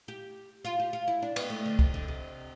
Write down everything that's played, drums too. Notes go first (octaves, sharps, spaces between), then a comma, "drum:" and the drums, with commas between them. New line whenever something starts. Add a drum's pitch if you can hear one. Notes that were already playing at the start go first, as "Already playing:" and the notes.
G4
F4
G4
F4
E4
D4
B3, drum: cymbal
A3
D3
C3, drum: kick
D3
C3